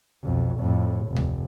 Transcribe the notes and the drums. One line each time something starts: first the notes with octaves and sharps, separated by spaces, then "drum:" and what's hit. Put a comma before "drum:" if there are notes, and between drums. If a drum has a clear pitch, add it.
B1 F2
F2 A2
F1
drum: tom D2